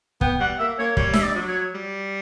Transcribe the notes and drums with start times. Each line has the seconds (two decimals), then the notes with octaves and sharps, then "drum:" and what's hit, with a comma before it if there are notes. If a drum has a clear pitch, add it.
0.21 B3 G5, drum: kick
0.40 G3 F#5
0.59 A#3 E5
0.79 A#3 C#5
0.97 G3 C#5, drum: kick
1.13 E5, drum: snare
1.23 D5
1.35 F#3
1.48 C#5
1.74 G3